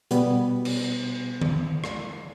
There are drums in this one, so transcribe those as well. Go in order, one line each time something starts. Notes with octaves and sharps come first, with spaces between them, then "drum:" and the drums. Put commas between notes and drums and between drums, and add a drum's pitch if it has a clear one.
B2 G3 B3, drum: hi-hat
drum: cymbal
drum: tom D#3
drum: rim click